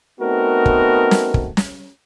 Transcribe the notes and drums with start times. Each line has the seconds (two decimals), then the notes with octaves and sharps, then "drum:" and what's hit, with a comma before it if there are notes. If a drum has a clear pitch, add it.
0.20 A3 B3 C4 D#4 F#4 A#4
0.66 drum: kick
1.11 drum: snare
1.34 drum: kick
1.57 drum: snare